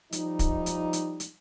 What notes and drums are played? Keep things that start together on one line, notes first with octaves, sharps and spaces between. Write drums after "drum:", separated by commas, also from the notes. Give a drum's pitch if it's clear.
F3 G3 D#4, drum: hi-hat
drum: kick, hi-hat
drum: hi-hat
drum: hi-hat
drum: hi-hat